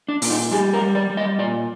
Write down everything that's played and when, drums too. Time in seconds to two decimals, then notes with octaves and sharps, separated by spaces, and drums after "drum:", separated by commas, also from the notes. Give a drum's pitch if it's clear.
0.09 D4
0.22 A#2, drum: open hi-hat
0.30 D#4
0.52 G3 G#4
0.74 A#4
0.81 G3
0.95 D5
1.10 G3
1.17 D#5
1.39 A#2 D5